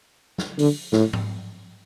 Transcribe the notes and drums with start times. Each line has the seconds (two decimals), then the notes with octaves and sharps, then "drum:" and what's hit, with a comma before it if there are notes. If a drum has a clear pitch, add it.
0.38 drum: snare
0.59 D3, drum: open hi-hat
0.93 A2, drum: snare
1.13 drum: tom G#2